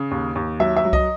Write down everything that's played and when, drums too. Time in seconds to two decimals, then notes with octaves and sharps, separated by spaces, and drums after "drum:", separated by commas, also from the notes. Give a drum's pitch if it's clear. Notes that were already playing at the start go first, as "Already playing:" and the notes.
Already playing: C#3
0.11 D#2
0.35 D#2
0.60 F#3 E5
0.77 E5
0.85 F#3
0.93 D#5, drum: kick C2